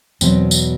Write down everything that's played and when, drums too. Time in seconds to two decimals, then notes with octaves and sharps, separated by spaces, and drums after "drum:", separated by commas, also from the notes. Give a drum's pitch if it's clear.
0.21 E2 B2 F#3 C4, drum: tambourine
0.51 drum: tambourine